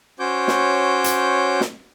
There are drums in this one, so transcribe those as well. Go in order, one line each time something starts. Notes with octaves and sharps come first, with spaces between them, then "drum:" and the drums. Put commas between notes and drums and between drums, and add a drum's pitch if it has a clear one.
C#4 F#4 C5 C#5 D6 G6
drum: snare
drum: hi-hat
drum: snare